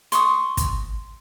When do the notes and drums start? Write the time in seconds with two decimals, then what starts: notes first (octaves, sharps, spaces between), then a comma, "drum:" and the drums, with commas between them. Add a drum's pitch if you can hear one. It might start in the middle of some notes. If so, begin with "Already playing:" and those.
0.12 C6 C#6 D#6, drum: hi-hat
0.57 drum: kick, hi-hat